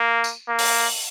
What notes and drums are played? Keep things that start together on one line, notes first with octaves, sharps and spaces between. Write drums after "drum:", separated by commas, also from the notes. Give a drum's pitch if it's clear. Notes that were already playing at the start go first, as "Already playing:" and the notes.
Already playing: A#3
drum: tambourine
A#3
drum: open hi-hat